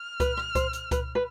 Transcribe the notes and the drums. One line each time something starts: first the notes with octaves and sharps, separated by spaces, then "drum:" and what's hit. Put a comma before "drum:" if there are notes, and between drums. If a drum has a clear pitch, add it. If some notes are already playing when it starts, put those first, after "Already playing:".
Already playing: F6
B4, drum: kick C#2, hi-hat
drum: rim click
C5, drum: kick C#2, hi-hat
drum: hi-hat
B4, drum: kick C#2, hi-hat
B4